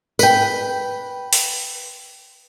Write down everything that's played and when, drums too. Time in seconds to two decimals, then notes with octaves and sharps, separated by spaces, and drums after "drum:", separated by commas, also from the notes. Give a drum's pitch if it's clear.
0.19 B4 G5, drum: tambourine
1.33 drum: open hi-hat